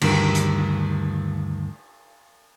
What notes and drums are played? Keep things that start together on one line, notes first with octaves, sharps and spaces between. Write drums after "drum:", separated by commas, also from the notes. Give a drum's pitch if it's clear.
D2 G2 D#3 G4 A#4, drum: cymbal
drum: hi-hat